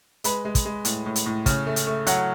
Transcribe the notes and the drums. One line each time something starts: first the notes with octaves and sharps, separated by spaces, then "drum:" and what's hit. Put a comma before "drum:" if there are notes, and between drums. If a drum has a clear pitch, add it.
G#3 B4, drum: hi-hat
G#3
drum: kick, hi-hat
G#3
A2, drum: hi-hat
A2
drum: hi-hat
A2
C#3, drum: kick, hi-hat
A3
drum: hi-hat
A3
F#3 F#5, drum: hi-hat